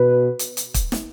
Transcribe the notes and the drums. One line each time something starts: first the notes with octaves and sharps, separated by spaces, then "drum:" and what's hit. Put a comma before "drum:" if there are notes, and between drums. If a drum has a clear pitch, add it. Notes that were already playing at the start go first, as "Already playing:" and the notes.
Already playing: B2 B4
drum: hi-hat
drum: hi-hat
drum: kick, hi-hat
drum: snare